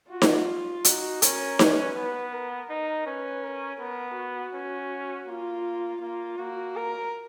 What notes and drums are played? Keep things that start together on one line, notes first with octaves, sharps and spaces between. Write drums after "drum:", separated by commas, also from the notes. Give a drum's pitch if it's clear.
F4 F#4
drum: snare D#4
D#4 F#4, drum: hi-hat
C#4 A#4, drum: hi-hat
B4, drum: snare D#4
B3
A#4
D#4
C#4 B4
A#4
B3 A#4
F#4
C#4
A#3 F4
A#3 F4
A#3 F#4
A#4